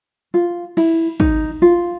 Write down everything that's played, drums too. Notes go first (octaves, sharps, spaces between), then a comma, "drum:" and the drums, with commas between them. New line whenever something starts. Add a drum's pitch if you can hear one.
F4
E4, drum: cymbal
D#4, drum: kick
F4